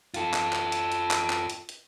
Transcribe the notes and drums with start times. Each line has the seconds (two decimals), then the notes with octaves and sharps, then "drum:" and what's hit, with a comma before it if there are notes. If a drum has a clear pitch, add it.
0.14 F4 A4, drum: hi-hat
0.34 drum: clap
0.53 drum: clap
0.72 drum: hi-hat
0.92 drum: hi-hat
1.11 drum: clap
1.30 drum: clap
1.50 drum: hi-hat
1.69 drum: hi-hat